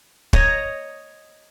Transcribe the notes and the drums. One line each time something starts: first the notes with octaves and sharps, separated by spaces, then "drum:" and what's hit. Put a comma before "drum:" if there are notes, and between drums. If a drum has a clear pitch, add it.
C#5 D#5 A#5, drum: kick